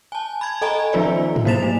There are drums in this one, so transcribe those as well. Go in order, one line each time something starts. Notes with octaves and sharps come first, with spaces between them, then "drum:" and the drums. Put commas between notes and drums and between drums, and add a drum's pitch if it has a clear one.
G#5 A5
B5 G#6
A4 D#5 G#5 A#5 B5
D#3 F3 B3 F4 C5 D5
drum: tom G#2
F#3 A#3 C5 A6 E7 F7
A3